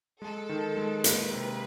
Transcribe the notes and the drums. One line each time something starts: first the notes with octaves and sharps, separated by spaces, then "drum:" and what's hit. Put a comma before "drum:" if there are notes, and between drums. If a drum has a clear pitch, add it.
G#3 A4
D#3
G#3
A#3 B4, drum: hi-hat
C3